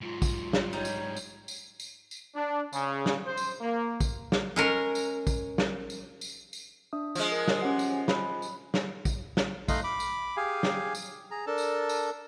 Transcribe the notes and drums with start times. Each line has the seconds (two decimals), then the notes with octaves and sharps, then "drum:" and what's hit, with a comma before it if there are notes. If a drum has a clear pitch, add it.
0.01 G#2 F#3 F4
0.22 drum: kick, tambourine
0.53 drum: snare
0.73 G3 D#4 C#5
0.85 drum: tambourine
1.16 drum: tambourine
1.48 drum: tambourine
1.80 drum: tambourine
2.11 drum: tambourine
2.35 D4
2.73 C#3, drum: tambourine
3.06 drum: snare
3.25 C5
3.37 drum: tambourine
3.61 A#3
4.00 drum: kick, tambourine
4.32 drum: snare
4.56 G#3 C#4 A#4
4.95 drum: tambourine
5.27 drum: kick, tambourine
5.58 drum: snare
5.90 drum: tambourine
6.21 drum: tambourine
6.53 drum: tambourine
6.93 D4 E5 D#6
7.15 F3 G#3 D#6 F6, drum: tambourine
7.32 A#4
7.48 drum: snare
7.62 C#4 G4 F#5
7.79 drum: tambourine
8.08 B5 F#6, drum: snare
8.42 drum: tambourine
8.74 drum: snare
9.05 drum: kick, tambourine
9.37 drum: snare
9.68 A3 D#4 D#5 F5 C6 F#6, drum: kick, tambourine
9.84 B5 D6
10.00 drum: tambourine
10.37 G4 G#4 F5 G#5
10.63 drum: snare
10.95 drum: tambourine
11.31 G#4 A#5
11.47 D4 A4 A#4 A5
11.58 drum: tambourine
11.89 drum: tambourine